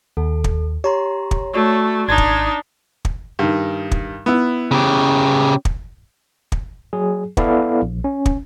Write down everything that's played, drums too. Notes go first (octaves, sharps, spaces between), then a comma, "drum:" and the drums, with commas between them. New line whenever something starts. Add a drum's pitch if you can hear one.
D#2 A4
drum: kick
G4 C#5 A#5 C6
drum: kick
A3 F#4 D5 C#6
G#1 D4 D#4 C6 G#6
drum: kick
drum: kick
G2 D#3
drum: kick
B3 E4
C#3 G4
drum: kick
drum: kick
F#3 G#4
B3 E4 A4 D5 F5, drum: kick
A#1
C#4
drum: kick